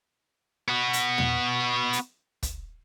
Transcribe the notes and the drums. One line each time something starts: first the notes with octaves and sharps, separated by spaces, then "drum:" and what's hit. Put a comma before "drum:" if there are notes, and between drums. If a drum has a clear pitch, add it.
B3 F#4
drum: hi-hat
drum: tom
drum: hi-hat
drum: kick, hi-hat